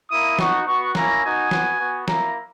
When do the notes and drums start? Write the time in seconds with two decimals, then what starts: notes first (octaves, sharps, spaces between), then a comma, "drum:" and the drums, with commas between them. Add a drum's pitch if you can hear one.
0.10 A#3 E4 D#6
0.39 B3 D#4 F#4 C#6, drum: snare
0.67 B3 F#4 C#6
0.95 A#3 C#4 E4 A#5, drum: snare
1.23 B3 D#4 F#4 G#5
1.51 B3 F#4, drum: snare
1.80 B3 F#4
2.08 A#3 E4 A#5, drum: snare